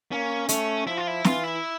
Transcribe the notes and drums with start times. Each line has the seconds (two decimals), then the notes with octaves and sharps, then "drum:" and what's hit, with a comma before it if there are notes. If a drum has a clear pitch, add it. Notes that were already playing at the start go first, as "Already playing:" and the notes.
0.11 A#3 C#4
0.49 A3 C#4, drum: hi-hat
0.87 F3 E4
0.97 F4
1.07 E4
1.25 E3 F4, drum: snare
1.44 E4